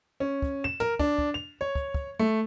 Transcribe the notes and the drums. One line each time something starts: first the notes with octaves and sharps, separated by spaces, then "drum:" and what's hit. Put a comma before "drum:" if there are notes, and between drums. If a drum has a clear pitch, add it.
C#4
drum: kick
E7
A#4, drum: tom
D4, drum: kick
drum: kick
F7
C#5
drum: kick
drum: kick
A3